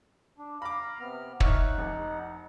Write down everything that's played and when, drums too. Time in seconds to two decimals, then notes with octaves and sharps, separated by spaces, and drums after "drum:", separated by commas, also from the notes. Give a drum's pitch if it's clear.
0.38 D4
0.62 F5 A#5 B5 D6
0.99 C3 B3 F6
1.40 D#4 C#5 E5 F#5 F6, drum: kick
1.78 F1